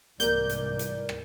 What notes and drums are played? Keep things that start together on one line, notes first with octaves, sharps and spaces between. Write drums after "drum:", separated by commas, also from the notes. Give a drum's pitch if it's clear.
C2 G#2 E3 A#3 A#4 D5 G6, drum: hi-hat
drum: hi-hat
drum: hi-hat
drum: rim click